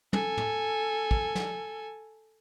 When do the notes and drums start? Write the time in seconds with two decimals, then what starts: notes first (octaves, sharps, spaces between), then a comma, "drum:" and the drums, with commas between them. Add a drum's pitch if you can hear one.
0.13 A4 G#5, drum: tom
0.37 drum: tom
1.11 drum: kick
1.35 drum: snare